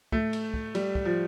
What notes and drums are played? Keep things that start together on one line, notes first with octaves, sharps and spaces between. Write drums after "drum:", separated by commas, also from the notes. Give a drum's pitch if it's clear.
A3, drum: kick
drum: cymbal
drum: kick
G3, drum: cymbal
drum: kick
F3